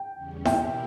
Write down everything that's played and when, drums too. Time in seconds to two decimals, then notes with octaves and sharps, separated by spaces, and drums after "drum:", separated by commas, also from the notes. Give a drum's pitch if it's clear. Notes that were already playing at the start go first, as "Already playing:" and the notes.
Already playing: G5
0.15 E2 C#3 G3 C#4
0.45 B2 A#3 E4 G4 E5 G5, drum: snare E4